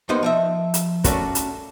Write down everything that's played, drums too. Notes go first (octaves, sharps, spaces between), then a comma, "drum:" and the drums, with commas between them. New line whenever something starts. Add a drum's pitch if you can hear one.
D#2 D#3 B3 C5 D#5
F3 D#5 E5
drum: hi-hat
A3 C#4 D4 F#4 A#4, drum: kick, hi-hat
drum: hi-hat